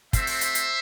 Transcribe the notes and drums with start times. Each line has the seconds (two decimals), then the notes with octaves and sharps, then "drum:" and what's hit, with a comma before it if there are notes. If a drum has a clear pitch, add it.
0.13 A3 C4 F#4 C5 E5, drum: kick, hi-hat
0.27 drum: open hi-hat
0.41 drum: hi-hat
0.55 drum: hi-hat